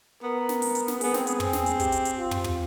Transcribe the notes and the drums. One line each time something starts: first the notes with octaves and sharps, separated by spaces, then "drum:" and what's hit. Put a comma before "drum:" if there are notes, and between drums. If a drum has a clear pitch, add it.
B3 A#4
drum: snare
drum: open hi-hat
drum: hi-hat
drum: snare
B3 G#4, drum: open hi-hat
C4, drum: snare
B3, drum: hi-hat
C4, drum: tom
drum: snare
drum: hi-hat
G4, drum: kick, hi-hat
drum: hi-hat
drum: hi-hat
F4
drum: tom
drum: tom